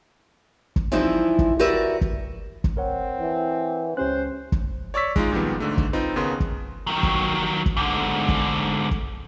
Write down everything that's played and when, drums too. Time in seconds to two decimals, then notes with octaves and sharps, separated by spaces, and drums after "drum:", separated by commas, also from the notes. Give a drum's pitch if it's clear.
0.76 drum: kick
0.92 E3 F3 G3 C4 D#4 E4
1.39 drum: kick
1.59 F#4 G4 A#4 B4 D5 E5
2.01 drum: kick
2.64 drum: kick
2.77 C4 A#4 C#5 F#5
3.20 E3
3.97 C#2 C#4 G4 C5 F#6
4.52 drum: kick
4.94 C#5 D5 C#6 E6 B6
5.16 G#3 D#4 F4, drum: kick
5.32 A#2 D#3 F3 G3 B3
5.60 G#2 D3 A3
5.78 drum: kick
5.93 C4 D#4 F4 B4
6.16 D#2 C#3 B3 A#4 C6
6.40 drum: kick
6.87 D#3 F#3
7.03 drum: kick
7.66 drum: kick
7.77 G#2 D3
8.28 drum: kick
8.91 drum: kick